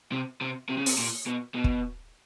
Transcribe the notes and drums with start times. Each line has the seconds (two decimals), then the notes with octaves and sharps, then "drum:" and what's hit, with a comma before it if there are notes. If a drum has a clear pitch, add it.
0.12 C3
0.41 C3
0.69 C3
0.78 C#3
0.86 C3, drum: open hi-hat
0.98 A#2
1.26 B2
1.54 B2
1.64 drum: kick